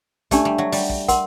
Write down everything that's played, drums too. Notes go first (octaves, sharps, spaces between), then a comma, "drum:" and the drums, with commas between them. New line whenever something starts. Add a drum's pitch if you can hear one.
A3 D4 G4 D5, drum: kick, hi-hat
G3
F#3
G3, drum: open hi-hat
drum: kick
A#4 F#5 C6, drum: kick, hi-hat